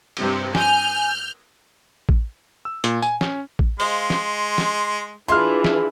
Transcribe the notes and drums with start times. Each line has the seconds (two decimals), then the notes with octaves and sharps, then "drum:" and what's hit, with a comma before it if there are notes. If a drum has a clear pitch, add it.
0.17 G2 C3, drum: cymbal
0.55 G#5 F6 G6, drum: snare
2.09 drum: kick A1
2.65 E6
2.84 A#2, drum: hi-hat
3.02 G#5, drum: tambourine
3.21 C#4, drum: snare
3.59 drum: kick A1
3.80 G#3 C5 D#5 F5 C6, drum: open hi-hat
4.10 drum: snare
4.58 drum: snare
5.28 E3 D4 E4 F4 G#4 E5 C6 F6
5.64 drum: snare